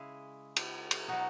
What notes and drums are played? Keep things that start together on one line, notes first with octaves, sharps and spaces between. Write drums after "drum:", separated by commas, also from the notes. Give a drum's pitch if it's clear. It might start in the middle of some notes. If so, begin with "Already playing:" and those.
Already playing: C#3 G#3 E4 G#4
drum: cymbal
drum: cymbal
B2 F#3 D#4 F#4